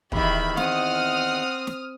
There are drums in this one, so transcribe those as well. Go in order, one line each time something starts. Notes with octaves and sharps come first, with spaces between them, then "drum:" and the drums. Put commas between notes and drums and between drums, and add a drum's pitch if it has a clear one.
E2 D#3 G4 E5 B5, drum: kick
C4 F#5 D#6 F6, drum: snare
drum: snare